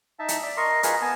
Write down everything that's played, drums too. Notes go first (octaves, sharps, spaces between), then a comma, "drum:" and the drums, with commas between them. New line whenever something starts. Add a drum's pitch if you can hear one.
D#4 E5 A5
drum: hi-hat
D5 E5
A#4 D#5 C6 C#6
F4 G#4 A#4 B4 D#5, drum: hi-hat
B3 G#5 A5